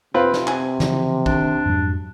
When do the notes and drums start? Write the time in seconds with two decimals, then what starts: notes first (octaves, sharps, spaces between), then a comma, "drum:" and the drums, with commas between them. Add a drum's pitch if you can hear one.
0.14 C3 C4 F4 B4
0.34 drum: snare
0.47 G#5, drum: clap
0.80 C#3 E3 F3, drum: snare
1.26 D#3 D4, drum: kick
1.66 F2 G#2 F#3